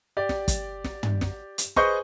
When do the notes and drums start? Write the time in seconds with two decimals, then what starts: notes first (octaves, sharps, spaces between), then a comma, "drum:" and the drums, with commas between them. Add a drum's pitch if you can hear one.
0.17 G4 D5
0.29 drum: snare
0.48 drum: kick G1, hi-hat
0.84 drum: snare
1.03 drum: tom
1.21 drum: snare
1.58 drum: hi-hat
1.76 G#4 B4 C5 D#5 C#6 G6, drum: snare